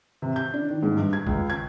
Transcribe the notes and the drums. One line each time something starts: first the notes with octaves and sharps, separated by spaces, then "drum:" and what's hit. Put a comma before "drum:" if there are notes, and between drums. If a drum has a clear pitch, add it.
C3
G6
D4
D#3
G#2
G2
G#6
C#2, drum: kick A1
G#6